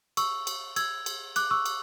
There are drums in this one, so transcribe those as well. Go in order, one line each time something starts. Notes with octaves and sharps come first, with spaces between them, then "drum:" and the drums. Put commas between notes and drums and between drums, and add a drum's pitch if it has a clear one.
C#6 E6, drum: cymbal
drum: cymbal
E6 G#6, drum: cymbal
drum: cymbal
D6 F#6, drum: cymbal
C#6 E6
drum: cymbal